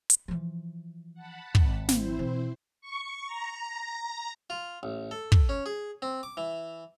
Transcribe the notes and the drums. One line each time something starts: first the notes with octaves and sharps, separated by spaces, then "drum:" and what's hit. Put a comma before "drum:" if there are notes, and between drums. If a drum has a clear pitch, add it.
drum: hi-hat
E3 F3
F#5 A5 B5
G#1, drum: kick
C4 E4 C5, drum: snare
B2 E3
C#6
A#5
F4
A1
A4
drum: kick
C#4
G#4
C4
D6
E3